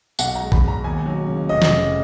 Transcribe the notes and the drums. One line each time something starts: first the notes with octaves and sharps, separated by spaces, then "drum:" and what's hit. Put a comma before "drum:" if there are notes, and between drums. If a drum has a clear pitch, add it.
B1 F#5, drum: tambourine
A#5
G#3
B5, drum: kick
B2 A#5
D#2 G#5
F#3
C#3
F1 D#5
drum: snare
C#3